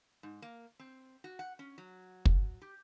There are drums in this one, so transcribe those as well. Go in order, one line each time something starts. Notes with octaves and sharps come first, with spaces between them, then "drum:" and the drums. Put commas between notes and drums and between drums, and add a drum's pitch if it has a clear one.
G#2
A#3
C4
F#4
F#5
C#4
F#3
drum: kick
G4